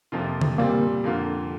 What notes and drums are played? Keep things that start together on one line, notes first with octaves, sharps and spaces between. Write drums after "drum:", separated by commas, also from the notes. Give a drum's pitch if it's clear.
F2 C3 F3 A#3 F4
drum: tom C#3
A#2 G3 A#3 C4
F2 D3 A#3 F4